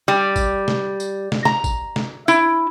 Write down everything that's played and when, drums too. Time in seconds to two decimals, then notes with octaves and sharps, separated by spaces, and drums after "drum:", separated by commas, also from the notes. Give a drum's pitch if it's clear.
0.08 G3
0.36 drum: kick, tambourine
0.68 drum: snare
1.00 drum: tambourine
1.32 drum: snare
1.45 A#5, drum: snare
1.64 drum: kick, tambourine
1.96 drum: snare
2.28 E4, drum: tambourine